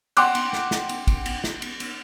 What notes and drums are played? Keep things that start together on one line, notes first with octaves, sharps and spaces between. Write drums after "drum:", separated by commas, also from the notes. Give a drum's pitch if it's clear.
F#5 G5 C6 D6 F#6, drum: cymbal
drum: cymbal
drum: snare
drum: snare
drum: cymbal
drum: kick, cymbal
drum: cymbal
drum: snare
drum: cymbal
drum: cymbal